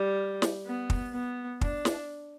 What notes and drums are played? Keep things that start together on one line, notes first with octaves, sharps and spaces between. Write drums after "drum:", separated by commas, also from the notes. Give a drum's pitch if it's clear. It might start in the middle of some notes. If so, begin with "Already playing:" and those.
Already playing: G3
drum: snare
B3
drum: kick
B3
D4, drum: kick
drum: snare